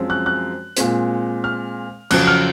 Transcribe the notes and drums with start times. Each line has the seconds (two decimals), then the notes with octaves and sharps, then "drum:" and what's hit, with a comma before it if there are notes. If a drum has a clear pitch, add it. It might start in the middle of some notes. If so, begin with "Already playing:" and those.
Already playing: F#2 F3 G#3 C4
0.10 F#6
0.26 F#6
0.77 A#2 G#3 C4, drum: hi-hat
1.44 F6
2.11 F2 C#3 F#3 C4 F#6, drum: cymbal
2.27 F6